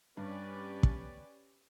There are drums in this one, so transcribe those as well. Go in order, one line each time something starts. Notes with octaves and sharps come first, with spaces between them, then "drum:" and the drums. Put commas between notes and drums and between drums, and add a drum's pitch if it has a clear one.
G2 C#4 G4 B4 D5
drum: kick